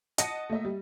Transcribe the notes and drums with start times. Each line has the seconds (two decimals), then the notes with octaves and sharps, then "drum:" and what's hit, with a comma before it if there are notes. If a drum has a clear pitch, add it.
0.18 D#5 F#5 A5 A#6 C#7 D#7, drum: hi-hat
0.50 A3 A#3 D#5 E5
0.65 G3